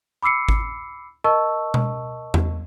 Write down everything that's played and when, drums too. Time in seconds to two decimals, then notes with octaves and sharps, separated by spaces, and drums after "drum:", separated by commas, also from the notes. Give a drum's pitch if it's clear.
0.23 B5 D6 E6 C7 C#7
0.49 drum: kick G#1
1.24 A#4 D#5 A5 C#6 E6
1.74 drum: tom B2
2.34 drum: tom E2